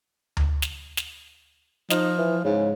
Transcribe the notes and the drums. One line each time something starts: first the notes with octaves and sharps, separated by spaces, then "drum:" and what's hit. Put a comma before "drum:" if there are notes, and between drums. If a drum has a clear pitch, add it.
drum: tom D2
drum: snare
drum: snare
F3 D#4, drum: snare
E3
G#2 C#3